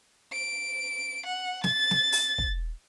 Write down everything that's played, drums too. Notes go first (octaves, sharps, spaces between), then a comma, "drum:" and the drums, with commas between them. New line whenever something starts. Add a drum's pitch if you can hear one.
D7
F#5
A6, drum: snare
drum: snare
drum: open hi-hat
drum: kick